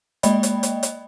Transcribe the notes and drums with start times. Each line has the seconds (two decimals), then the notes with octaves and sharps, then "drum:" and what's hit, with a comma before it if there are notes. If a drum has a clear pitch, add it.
0.23 G#3 A#3 D5 D#5 G5 B5, drum: hi-hat
0.43 drum: hi-hat
0.63 drum: hi-hat
0.83 drum: hi-hat